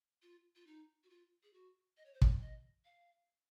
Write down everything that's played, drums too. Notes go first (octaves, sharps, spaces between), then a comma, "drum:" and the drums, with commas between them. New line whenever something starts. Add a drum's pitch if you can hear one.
F4
F4
D#4
F#4
F4
G#4
F#4
D#5
C#5
C5
C#5, drum: kick
D#5
F5